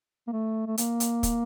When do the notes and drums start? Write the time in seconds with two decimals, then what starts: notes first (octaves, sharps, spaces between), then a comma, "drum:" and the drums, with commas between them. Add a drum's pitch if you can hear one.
0.27 A#3
0.32 A3
0.67 A3
0.78 A#3, drum: hi-hat
1.00 drum: hi-hat
1.23 drum: kick, hi-hat